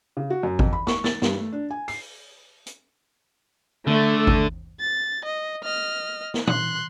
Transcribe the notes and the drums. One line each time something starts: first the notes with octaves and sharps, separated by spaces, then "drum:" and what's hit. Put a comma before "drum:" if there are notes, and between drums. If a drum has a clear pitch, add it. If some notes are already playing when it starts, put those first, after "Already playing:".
C#3
F#4
F#2
F2, drum: kick G#1
B5
C#6, drum: snare
A6, drum: snare
G2, drum: snare
A3
D4
G#5
C7, drum: open hi-hat
drum: hi-hat
D3 A3
drum: kick G#1
A6
D#5
D#5 F6
drum: snare
C6 F#6, drum: tom A#2